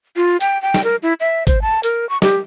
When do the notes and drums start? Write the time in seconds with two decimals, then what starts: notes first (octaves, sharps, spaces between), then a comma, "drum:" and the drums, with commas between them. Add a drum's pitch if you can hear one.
0.16 F4
0.41 G5, drum: hi-hat
0.62 G5
0.74 drum: snare
0.84 A#4
1.03 E4
1.20 E5
1.47 C5, drum: kick G#1, hi-hat
1.62 A5
1.83 A#4, drum: hi-hat
2.09 C#6
2.22 G4, drum: snare